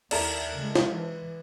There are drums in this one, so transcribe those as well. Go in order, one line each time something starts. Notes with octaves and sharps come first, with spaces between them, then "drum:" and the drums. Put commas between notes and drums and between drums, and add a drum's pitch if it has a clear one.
D#2 E4 A4 A#4 D5 A#5, drum: cymbal
C#3 G#3
drum: snare
E3